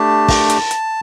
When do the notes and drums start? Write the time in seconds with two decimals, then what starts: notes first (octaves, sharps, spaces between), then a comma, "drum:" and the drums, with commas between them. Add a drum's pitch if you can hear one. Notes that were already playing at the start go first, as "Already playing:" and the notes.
Already playing: A3 D4 G4 A5
0.28 drum: kick, open hi-hat
0.50 drum: hi-hat
0.71 drum: hi-hat